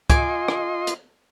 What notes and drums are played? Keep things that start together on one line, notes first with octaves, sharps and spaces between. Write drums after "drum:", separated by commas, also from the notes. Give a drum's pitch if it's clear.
F4 D#5 G#5 C6 D6, drum: kick, hi-hat
drum: rim click
drum: hi-hat